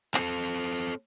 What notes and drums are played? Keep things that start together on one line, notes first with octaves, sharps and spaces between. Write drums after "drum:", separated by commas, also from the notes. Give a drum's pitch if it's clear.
C4 A4, drum: clap
drum: tambourine
drum: tambourine